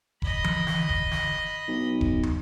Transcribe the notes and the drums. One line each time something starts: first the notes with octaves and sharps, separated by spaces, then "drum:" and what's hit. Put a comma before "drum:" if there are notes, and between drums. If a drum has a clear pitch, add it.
D#5 B5, drum: kick E1
drum: tom E3
drum: snare
drum: kick E1
drum: snare
B1
drum: kick E1
drum: tom